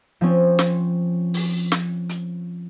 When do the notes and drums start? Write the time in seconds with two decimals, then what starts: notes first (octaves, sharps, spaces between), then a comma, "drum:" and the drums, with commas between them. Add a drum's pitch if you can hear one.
0.21 F3 C4 C#4
0.59 drum: snare
1.34 drum: open hi-hat
1.72 drum: snare
2.09 drum: hi-hat